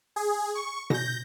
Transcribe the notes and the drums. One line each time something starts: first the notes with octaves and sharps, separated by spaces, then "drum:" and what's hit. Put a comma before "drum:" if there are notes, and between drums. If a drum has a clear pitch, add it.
G#4
C#6
G6 A#6, drum: tom B2